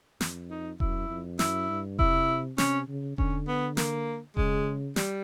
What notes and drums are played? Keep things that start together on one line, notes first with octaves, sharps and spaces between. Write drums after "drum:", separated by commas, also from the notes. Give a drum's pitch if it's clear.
F2, drum: snare
D#4
F#2 E4, drum: kick E1
F2
F#2 E4, drum: snare
G2
C3 E4, drum: kick E1
C3 C#4, drum: snare
C#3
D3 C#4, drum: kick E1
B3
A#3, drum: snare
C#3 G#3, drum: kick E1
G3, drum: snare